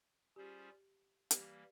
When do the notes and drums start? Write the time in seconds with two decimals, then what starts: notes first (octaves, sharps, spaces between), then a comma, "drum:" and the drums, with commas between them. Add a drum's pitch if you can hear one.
0.36 G3 C#4 F4 G4 G#4 C5
1.31 E3 G3 A#3 G4, drum: hi-hat